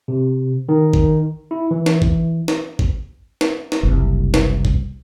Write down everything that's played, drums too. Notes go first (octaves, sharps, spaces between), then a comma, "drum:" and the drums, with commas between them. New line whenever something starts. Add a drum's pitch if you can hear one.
C3
D#3
drum: kick G#1
E4
E3
drum: snare
drum: kick G#1
drum: snare
drum: kick G#1
drum: snare
drum: snare
F#1 C2
drum: snare
drum: kick G#1